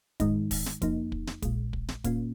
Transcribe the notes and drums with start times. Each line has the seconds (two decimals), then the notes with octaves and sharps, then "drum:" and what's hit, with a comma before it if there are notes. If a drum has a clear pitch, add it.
0.20 G#2 D#3 G#3 D#4, drum: kick, hi-hat
0.51 drum: kick, open hi-hat
0.66 drum: snare
0.82 F2 F3 A#3 D#4, drum: kick, hi-hat
1.12 drum: kick
1.27 drum: snare
1.42 A#1 A#2 G#3, drum: kick, hi-hat
1.73 drum: kick
1.88 drum: snare
2.04 A#2 A#3 C#4 F4, drum: kick, hi-hat